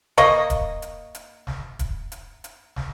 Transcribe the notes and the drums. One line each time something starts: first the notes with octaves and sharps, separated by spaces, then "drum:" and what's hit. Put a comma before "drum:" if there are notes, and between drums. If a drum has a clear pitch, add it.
A#3 D#5 C#6, drum: snare
drum: kick D#1, hi-hat
drum: hi-hat
drum: hi-hat
drum: snare
drum: kick D#1, hi-hat
drum: hi-hat
drum: hi-hat
drum: snare